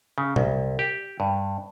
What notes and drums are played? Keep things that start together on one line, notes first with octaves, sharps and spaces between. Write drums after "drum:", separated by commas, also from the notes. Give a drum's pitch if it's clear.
C#3
C2, drum: tom A#2
G4
G2